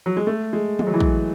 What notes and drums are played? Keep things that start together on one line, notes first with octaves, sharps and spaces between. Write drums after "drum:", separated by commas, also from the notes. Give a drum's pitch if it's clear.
F#3
G#3
A3
G#3
G#3, drum: tom
F#3
E3
F#3, drum: kick